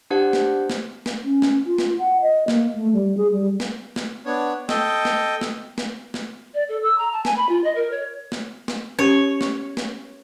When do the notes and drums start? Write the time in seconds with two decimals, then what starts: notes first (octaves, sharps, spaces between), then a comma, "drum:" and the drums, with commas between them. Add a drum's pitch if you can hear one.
0.11 D4 G4 C5 F#5
0.33 drum: snare
0.70 drum: snare
1.06 drum: snare
1.24 C#4
1.42 drum: snare
1.66 F4
1.78 drum: snare
1.99 F#5
2.21 D#5
2.48 A#3, drum: snare
2.76 A3
2.93 G3
3.17 G#4
3.32 G3
3.60 drum: snare
3.96 drum: snare
4.26 B3 D4 C#5
4.69 A4 D#5 G5, drum: snare
5.05 drum: snare
5.41 drum: snare
5.78 drum: snare
6.14 drum: snare
6.54 D5
6.69 A4
6.83 E6
6.98 A#5
7.13 A5
7.25 G#5, drum: snare
7.37 B5
7.49 F4
7.64 D#5
7.75 A#4
7.91 C#5
8.32 drum: snare
8.68 drum: snare
8.99 C#4 G4 C#5
9.41 drum: snare
9.77 drum: snare